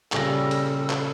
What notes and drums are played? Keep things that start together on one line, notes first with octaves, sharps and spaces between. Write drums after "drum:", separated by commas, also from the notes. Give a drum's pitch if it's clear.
A#2 C#3 G3 A4 A#6, drum: clap
drum: cymbal
drum: clap